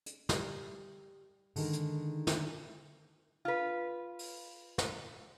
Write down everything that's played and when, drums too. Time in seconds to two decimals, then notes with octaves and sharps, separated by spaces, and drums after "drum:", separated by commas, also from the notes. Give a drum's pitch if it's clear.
0.06 drum: hi-hat
0.29 G3, drum: snare
1.56 D3 D#3 G#3 D#4 A#4, drum: open hi-hat
1.73 drum: hi-hat
2.27 drum: snare
3.45 F4 B4
4.19 drum: open hi-hat
4.78 drum: snare